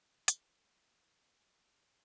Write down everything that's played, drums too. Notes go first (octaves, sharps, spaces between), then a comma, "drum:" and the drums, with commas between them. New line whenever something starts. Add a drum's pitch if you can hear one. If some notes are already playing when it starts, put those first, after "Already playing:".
Already playing: E3 G3 G4
A2
E3 G3, drum: hi-hat
A2
E3 G3
A2 G4
E3 G3
A#2
F3
A#2
F3